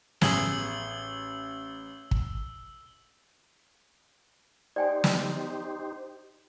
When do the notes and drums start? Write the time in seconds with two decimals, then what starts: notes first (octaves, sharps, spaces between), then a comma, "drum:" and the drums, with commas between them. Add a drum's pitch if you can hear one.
0.22 A1 G#4 E6 F#7 G7, drum: snare
2.11 drum: kick
4.76 D#4 G4 C5 D5 G5 G#5
5.04 drum: snare